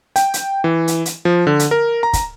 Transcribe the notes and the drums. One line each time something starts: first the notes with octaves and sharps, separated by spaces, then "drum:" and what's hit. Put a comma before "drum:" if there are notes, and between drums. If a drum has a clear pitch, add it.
G5, drum: hi-hat
drum: hi-hat
E3
drum: hi-hat
drum: hi-hat
F3
D3
drum: hi-hat
A#4
A#5
drum: kick, hi-hat